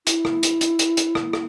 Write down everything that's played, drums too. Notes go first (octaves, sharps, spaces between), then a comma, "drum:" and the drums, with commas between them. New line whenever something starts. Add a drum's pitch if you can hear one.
E4, drum: hi-hat
drum: rim click
drum: hi-hat
drum: hi-hat
drum: hi-hat
drum: hi-hat
drum: rim click
drum: rim click